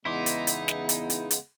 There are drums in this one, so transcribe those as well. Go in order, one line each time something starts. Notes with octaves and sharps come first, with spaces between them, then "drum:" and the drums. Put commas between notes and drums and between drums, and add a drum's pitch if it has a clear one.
E2 C#3 G#3 B3 D#4 E4 C6 D6
drum: hi-hat
drum: hi-hat
drum: snare
drum: hi-hat
drum: hi-hat
drum: hi-hat